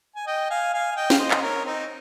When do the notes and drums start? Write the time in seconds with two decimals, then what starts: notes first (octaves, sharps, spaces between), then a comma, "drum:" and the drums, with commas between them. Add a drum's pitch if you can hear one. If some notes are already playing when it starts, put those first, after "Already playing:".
0.16 G#5
0.26 D#5 G5
0.50 F5 G#5
0.74 F5 G#5
0.92 F5
0.96 D#5 G5
1.10 F5, drum: snare
1.19 C5 D#5
1.31 D#5, drum: clap
1.42 A#4 C#5
1.65 C4 D#4